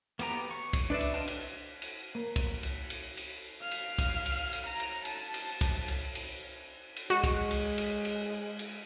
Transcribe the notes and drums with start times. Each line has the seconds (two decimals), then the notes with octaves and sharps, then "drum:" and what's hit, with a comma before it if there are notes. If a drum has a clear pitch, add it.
0.19 A#3 B3 G4 A#5, drum: cymbal
0.51 C#6
0.73 drum: kick, cymbal
0.90 D4 B4 D5 E5
1.01 drum: cymbal
1.14 C5 D#5 F5 G5 A5
1.28 drum: cymbal
1.82 drum: cymbal
2.15 A#3
2.36 drum: kick, cymbal
2.63 drum: cymbal
2.90 drum: cymbal
3.17 drum: cymbal
3.62 F5
3.71 drum: cymbal
3.99 drum: kick, cymbal
4.26 drum: cymbal
4.53 drum: cymbal
4.66 A#5
4.80 drum: cymbal
5.05 A5, drum: cymbal
5.34 drum: cymbal
5.61 drum: kick, cymbal
5.88 drum: cymbal
6.15 drum: cymbal
6.97 drum: cymbal
7.10 G#3 F#4
7.24 drum: kick, cymbal
7.51 drum: cymbal
7.78 drum: cymbal
8.05 drum: cymbal
8.59 drum: cymbal